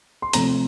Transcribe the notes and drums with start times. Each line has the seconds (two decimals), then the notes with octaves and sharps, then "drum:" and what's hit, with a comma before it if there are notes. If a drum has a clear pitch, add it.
0.22 C6
0.33 C3 F3 A3 C4 A#5, drum: hi-hat